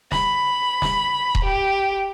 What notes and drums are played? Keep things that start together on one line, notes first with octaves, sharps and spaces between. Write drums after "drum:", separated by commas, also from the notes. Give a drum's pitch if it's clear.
B5, drum: snare
drum: snare
drum: kick D#1
G4